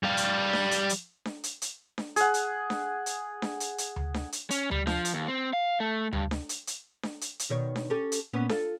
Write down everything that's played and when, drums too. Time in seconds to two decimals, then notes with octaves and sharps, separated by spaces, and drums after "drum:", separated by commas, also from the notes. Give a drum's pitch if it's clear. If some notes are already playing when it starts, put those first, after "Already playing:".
0.04 G3 F5
0.17 drum: hi-hat
0.53 drum: snare D4
0.71 drum: hi-hat
0.89 drum: hi-hat
1.25 drum: snare D4
1.44 drum: hi-hat
1.62 drum: hi-hat
1.98 drum: snare D4
2.16 G#4 F#5, drum: hi-hat
2.34 drum: hi-hat
2.70 drum: snare D4
3.06 drum: hi-hat
3.42 drum: snare D4
3.60 drum: hi-hat
3.78 drum: hi-hat
3.96 drum: tom D2
4.14 drum: snare D4
4.32 drum: hi-hat
4.51 C#4, drum: hi-hat
4.71 G3, drum: tom D2
4.87 F3, drum: snare D4
5.05 drum: hi-hat
5.14 D#2
5.28 C4
5.53 F5
5.80 A3
6.13 G2, drum: tom D2
6.31 drum: snare D4
6.49 drum: hi-hat
6.67 drum: hi-hat
7.03 drum: snare D4
7.21 drum: hi-hat
7.39 drum: hi-hat
7.49 B2 D#3 C#5
7.76 drum: snare D4
7.90 C#4 G4 A4
8.12 drum: hi-hat
8.33 A#2 B3 C#4
8.49 F4 A4, drum: snare D4